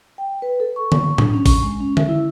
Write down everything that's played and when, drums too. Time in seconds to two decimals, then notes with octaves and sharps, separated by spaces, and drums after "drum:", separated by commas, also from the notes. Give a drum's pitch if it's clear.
0.18 G5
0.42 B4
0.60 A4
0.76 C#6
0.92 drum: tom D3
1.18 D4, drum: tom A2
1.34 C#4
1.46 C#6, drum: kick A1, open hi-hat
1.63 G#3
1.81 C#4
1.97 E5, drum: tom D3
2.09 E4